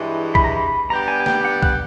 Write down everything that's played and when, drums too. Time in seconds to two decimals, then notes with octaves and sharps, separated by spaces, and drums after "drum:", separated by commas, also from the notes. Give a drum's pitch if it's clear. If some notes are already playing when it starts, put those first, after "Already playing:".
Already playing: G2 E3 G#3
0.35 B5, drum: kick B1
0.44 A#5
0.52 B5
0.90 G3 B3 D4 G4 A#5
1.08 G#5
1.20 G#5
1.26 G5, drum: snare
1.45 F#5
1.63 F#5, drum: kick B1